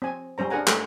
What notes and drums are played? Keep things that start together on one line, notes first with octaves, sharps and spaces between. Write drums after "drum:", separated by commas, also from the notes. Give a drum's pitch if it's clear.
C4 G#5
G3 C#4 C5 A#5
D4 G#4 A#4 F#5 G#5 A#5
G3 A3 G4 G#4 A#5, drum: clap